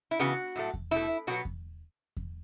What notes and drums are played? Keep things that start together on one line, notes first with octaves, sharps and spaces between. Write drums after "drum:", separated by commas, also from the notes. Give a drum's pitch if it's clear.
E4
C#3 E3 B3 F#4
A2 F#3 A3
drum: kick E2
B2 A3 E4
B2 F#3 B3 F#4
drum: kick E2
drum: kick E2